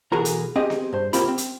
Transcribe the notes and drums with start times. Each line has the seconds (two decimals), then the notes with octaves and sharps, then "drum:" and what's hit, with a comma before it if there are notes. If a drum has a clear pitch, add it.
0.12 B1 E3 F#4 G#4 A#4 A#5
0.25 drum: hi-hat
0.56 C4 G4 G#4 D#5
0.70 drum: snare B3
0.93 G2 C5
1.13 C#2 A#3 C4 F4 G4 B5, drum: hi-hat
1.28 C4
1.38 drum: hi-hat